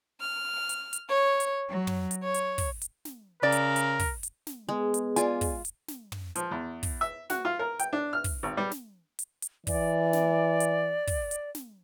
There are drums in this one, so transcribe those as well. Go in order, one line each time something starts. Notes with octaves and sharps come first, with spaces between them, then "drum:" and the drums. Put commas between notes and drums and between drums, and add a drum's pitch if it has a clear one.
F6
drum: hi-hat
drum: hi-hat
C#5
drum: hi-hat
F#3
drum: tom
drum: hi-hat
C#5
drum: hi-hat
drum: kick, open hi-hat
drum: hi-hat
drum: snare
C#3 A#4 D5
drum: hi-hat
drum: hi-hat
drum: kick, open hi-hat
drum: hi-hat
drum: snare
G#3 B3 G#4
drum: hi-hat
F4 D5 G#5, drum: hi-hat
drum: kick, open hi-hat
drum: hi-hat
drum: snare
drum: tom
F3, drum: hi-hat
E2
drum: kick, open hi-hat
E5
F#4, drum: snare
F4
A#4
G5, drum: hi-hat
D4
F6
drum: kick, open hi-hat
G#1
G3
drum: snare
drum: hi-hat
drum: hi-hat
E3 D5, drum: kick, open hi-hat
drum: snare
drum: hi-hat
drum: kick, open hi-hat
drum: hi-hat
drum: snare